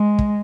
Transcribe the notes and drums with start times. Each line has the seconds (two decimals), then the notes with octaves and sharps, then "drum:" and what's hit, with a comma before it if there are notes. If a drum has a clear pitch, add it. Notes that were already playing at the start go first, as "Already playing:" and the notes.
Already playing: G#3
0.19 drum: kick